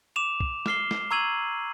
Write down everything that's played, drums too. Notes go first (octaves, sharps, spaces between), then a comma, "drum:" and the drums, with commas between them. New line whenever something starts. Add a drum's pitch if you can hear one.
D6 E7 F7
drum: kick
D6 F6 C7 G7, drum: snare
drum: snare
A#5 C#6 E6 G#6 D#7 F#7